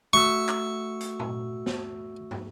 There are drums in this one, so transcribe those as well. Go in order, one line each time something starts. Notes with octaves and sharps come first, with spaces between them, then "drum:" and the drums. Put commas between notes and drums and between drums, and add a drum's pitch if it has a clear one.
A3 F#4 C#6 E6
drum: clap
drum: hi-hat
drum: tom A#2
drum: snare
drum: tom